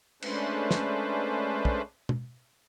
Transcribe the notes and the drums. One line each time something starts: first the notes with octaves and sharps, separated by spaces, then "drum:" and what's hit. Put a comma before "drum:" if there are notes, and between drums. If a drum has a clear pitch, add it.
G#3 A3 C#4 D4 B4 C5, drum: cymbal
drum: snare
drum: kick
drum: tom